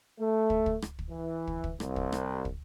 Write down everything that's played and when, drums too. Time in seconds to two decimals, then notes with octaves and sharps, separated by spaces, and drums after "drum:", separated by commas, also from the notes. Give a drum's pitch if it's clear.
0.19 A3
0.50 drum: kick
0.66 drum: kick
0.82 drum: rim click
0.99 drum: kick
1.11 E3
1.47 drum: kick
1.64 drum: kick
1.80 C2, drum: rim click
1.96 drum: kick
2.12 drum: rim click
2.45 drum: kick